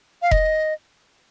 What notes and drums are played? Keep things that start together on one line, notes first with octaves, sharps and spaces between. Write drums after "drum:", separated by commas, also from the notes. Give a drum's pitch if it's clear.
F5
D#5, drum: kick F1